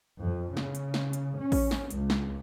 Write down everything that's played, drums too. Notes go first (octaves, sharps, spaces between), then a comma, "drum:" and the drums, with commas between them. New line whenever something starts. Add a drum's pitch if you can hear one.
F2
C#3, drum: snare
drum: hi-hat
drum: snare
drum: hi-hat
C#4
drum: kick A1, open hi-hat
drum: snare
C#2, drum: hi-hat
drum: snare